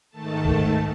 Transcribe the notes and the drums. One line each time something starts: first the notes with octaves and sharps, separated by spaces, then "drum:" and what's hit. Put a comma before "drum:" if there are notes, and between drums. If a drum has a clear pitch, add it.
G#2 D#3 A3 A5
drum: kick